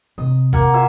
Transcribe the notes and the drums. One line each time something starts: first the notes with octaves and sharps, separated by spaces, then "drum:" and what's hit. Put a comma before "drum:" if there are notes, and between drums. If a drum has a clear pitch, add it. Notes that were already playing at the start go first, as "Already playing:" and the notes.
C3 D#5
A#3 F#5, drum: kick G#1
F4 E5 G#5